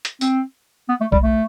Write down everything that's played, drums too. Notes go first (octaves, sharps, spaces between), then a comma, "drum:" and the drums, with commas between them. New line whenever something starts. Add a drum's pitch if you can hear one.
drum: hi-hat
C4, drum: tambourine
B3
A3
G3, drum: kick B1
A3